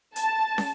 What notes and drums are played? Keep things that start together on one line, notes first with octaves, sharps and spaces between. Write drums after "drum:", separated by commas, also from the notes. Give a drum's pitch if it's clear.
A5, drum: hi-hat
drum: snare